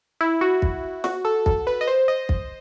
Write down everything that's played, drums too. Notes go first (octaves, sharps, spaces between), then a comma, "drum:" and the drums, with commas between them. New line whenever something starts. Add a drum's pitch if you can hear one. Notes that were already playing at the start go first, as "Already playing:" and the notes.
E4
F#4
drum: kick
F#4, drum: snare
A4
A4, drum: kick
B4
D#5
C5
D#5
drum: kick